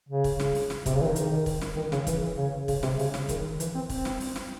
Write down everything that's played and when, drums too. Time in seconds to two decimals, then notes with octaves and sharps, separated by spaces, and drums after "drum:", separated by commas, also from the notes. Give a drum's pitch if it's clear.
0.09 C#3
0.24 drum: kick, open hi-hat
0.40 drum: snare
0.55 drum: open hi-hat
0.70 drum: snare
0.86 C3, drum: kick, hi-hat
0.95 C#3
1.01 E3
1.05 D#3
1.16 drum: hi-hat
1.46 drum: kick, open hi-hat
1.61 drum: snare
1.76 D#3
1.92 C#3, drum: snare
2.07 E3, drum: kick, hi-hat
2.37 C#3
2.68 C#3, drum: kick, open hi-hat
2.83 C3, drum: snare
2.99 C#3, drum: open hi-hat
3.14 drum: snare
3.29 D#3, drum: kick, hi-hat
3.60 E3, drum: hi-hat
3.75 C4
3.90 C4, drum: kick, open hi-hat
4.05 drum: snare
4.20 drum: open hi-hat
4.36 drum: snare